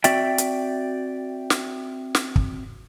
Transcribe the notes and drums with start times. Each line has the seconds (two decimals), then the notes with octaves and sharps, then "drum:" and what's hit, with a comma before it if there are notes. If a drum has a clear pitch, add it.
0.04 C4 F#4 D5 E5 G5, drum: hi-hat
0.38 drum: hi-hat
1.50 drum: snare
2.15 drum: snare
2.36 drum: kick